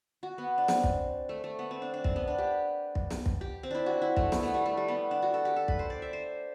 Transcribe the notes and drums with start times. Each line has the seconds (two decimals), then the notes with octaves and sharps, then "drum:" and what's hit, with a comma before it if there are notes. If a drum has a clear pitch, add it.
0.23 F#4
0.38 B3
0.58 D4
0.68 C4, drum: snare
0.83 drum: kick
1.29 A3
1.44 A3
1.59 B3
1.71 C4
1.82 D4
1.94 D4
2.04 C4, drum: kick
2.16 B3
2.28 D4
2.38 G4
2.95 drum: kick
3.10 drum: snare
3.26 drum: kick
3.41 G4
3.63 C4
3.71 D4 E4
3.86 F#4
4.02 E4
4.17 A3, drum: kick
4.32 B3, drum: snare
4.43 A3
4.54 G3
4.66 A3
4.77 G3
4.88 B3
5.11 D4
5.22 F#4
5.34 A4
5.45 G4
5.56 A4
5.68 B4, drum: kick
5.79 C5
5.90 D5
6.02 E5
6.13 C5